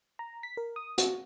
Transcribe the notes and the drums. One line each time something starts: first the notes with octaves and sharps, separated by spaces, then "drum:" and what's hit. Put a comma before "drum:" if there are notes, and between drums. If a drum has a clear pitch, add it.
A#5
B6
A#4
D#6
F#4, drum: hi-hat